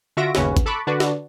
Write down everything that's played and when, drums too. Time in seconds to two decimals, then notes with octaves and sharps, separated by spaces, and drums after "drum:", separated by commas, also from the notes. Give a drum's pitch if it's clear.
0.17 D3 F4 F#4 E5 A#6 D7
0.35 G1 D#2 C#3 C#4 F#4 B4, drum: snare
0.57 drum: kick G#1, hi-hat
0.66 A4 A5 B5 C#6 D6 F#6
0.87 D3 D4 F#4 B4 D5
1.00 drum: snare